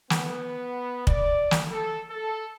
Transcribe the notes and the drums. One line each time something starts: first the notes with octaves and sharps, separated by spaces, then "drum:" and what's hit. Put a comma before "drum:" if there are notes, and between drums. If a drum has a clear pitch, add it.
B3, drum: snare
D5, drum: kick
drum: snare
A4
A4